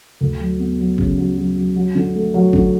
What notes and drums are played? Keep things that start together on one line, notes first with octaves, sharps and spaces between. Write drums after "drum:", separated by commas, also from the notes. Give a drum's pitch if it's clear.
D2
F#3
B3
F#3
C#3, drum: kick
F#3
F#3
F#3
F#3
D3
A3
F#3
D3, drum: kick